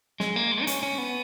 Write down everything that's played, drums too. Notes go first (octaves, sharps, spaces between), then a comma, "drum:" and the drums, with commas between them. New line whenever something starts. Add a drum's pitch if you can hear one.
G#3, drum: snare
A#3
G#3
D#4
C#4, drum: hi-hat
C#4
B3